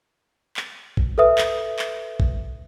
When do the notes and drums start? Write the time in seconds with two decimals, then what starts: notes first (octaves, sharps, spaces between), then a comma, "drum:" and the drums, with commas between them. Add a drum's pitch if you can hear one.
0.57 drum: clap
0.97 drum: kick
1.18 A4 B4 E5 D#6
1.38 drum: clap
1.79 drum: clap
2.20 drum: kick